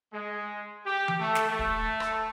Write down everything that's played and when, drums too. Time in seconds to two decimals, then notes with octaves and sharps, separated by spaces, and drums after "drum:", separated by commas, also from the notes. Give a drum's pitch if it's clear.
0.14 G#3
0.86 G4
1.08 drum: tom E3
1.19 A3
1.35 drum: snare
1.48 A3
1.59 drum: kick
2.00 drum: rim click